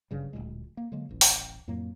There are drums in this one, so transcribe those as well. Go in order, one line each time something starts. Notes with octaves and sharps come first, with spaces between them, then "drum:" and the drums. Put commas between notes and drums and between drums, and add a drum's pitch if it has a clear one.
F#1 G2 C#3 G3
D1 A#1 A#2 G#3
A#3
D3 F#3 G#3 A#3
D#1 A1
drum: open hi-hat
F2 A2 F#3 A#3